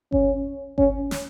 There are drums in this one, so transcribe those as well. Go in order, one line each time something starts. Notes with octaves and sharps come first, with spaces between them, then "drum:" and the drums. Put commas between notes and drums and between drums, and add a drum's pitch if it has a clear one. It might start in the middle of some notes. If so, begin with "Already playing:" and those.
C#4, drum: kick G1
C#4, drum: kick G1
drum: snare